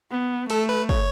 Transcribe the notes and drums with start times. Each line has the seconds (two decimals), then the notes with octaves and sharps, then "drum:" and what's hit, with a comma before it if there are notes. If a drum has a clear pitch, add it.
0.11 B3
0.50 A3 A4, drum: cymbal
0.69 B4
0.89 C#5, drum: kick